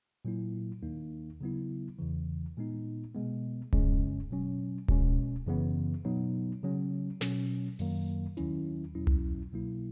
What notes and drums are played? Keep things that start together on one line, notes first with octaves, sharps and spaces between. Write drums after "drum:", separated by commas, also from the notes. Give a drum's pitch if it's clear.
A#2 F#3 A#3 E4
D#2 D#3 A#3 D#4
C#3 F#3 B3 E4
E2 C#3 E3
A#2 G#3 B3 D#4
B2 G#3 B3
F#2 C#3 G#3 C#4, drum: kick D1
B2 F#3 C#4
B2 G#3 C#4, drum: kick D1
F#2 C#3 E3 B3
B2 F#3 B3 D#4
C#3 F#3 C#4
B2 F#3 C#4, drum: snare
F#2 D#3 F#3 A#3, drum: open hi-hat
D#2 D#3 F#3 C#4 E4, drum: hi-hat
E2 B2 F#3 C#4 E4
drum: tom C2
B2 F#3 A#3 E4